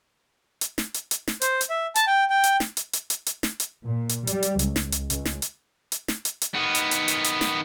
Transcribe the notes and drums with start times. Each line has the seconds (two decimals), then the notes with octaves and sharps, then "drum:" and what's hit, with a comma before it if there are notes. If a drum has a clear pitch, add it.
0.61 drum: hi-hat
0.78 drum: snare
0.94 drum: hi-hat
1.11 drum: hi-hat
1.28 drum: snare
1.41 C5, drum: hi-hat
1.61 drum: hi-hat
1.70 E5
1.95 A5, drum: hi-hat
2.07 G5
2.30 G5
2.44 drum: hi-hat
2.60 drum: snare
2.77 drum: hi-hat
2.93 drum: hi-hat
3.10 drum: hi-hat
3.26 drum: hi-hat
3.43 drum: snare
3.60 drum: hi-hat
3.85 A#2
4.09 drum: hi-hat
4.27 G3, drum: hi-hat
4.43 drum: hi-hat
4.59 C#2, drum: hi-hat
4.76 drum: snare
4.92 drum: hi-hat
5.10 C#2, drum: hi-hat
5.25 drum: snare
5.42 drum: hi-hat
5.92 drum: hi-hat
6.08 drum: snare
6.25 drum: hi-hat
6.41 drum: hi-hat
6.55 D#3 B3
6.75 drum: hi-hat
6.91 drum: hi-hat
7.08 drum: hi-hat
7.24 drum: hi-hat
7.41 drum: snare